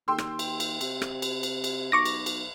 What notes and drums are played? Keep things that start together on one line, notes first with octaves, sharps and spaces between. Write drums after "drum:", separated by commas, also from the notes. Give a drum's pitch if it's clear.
D#2 G5 C6 E6
drum: rim click
drum: cymbal
drum: cymbal
C3, drum: cymbal
drum: rim click
drum: cymbal
drum: cymbal
drum: cymbal
B1 C#6 D6 A#6
drum: cymbal
drum: cymbal